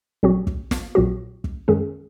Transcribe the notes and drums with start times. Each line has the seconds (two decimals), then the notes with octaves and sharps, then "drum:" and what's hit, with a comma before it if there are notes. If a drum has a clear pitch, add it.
0.23 A#1 A#2 F#3 C4 F#4
0.47 drum: kick
0.71 drum: snare
0.95 A#1 A#2 F#3 C4 F#4
1.44 drum: kick
1.68 F#2 D#3 G#3 C#4 G#4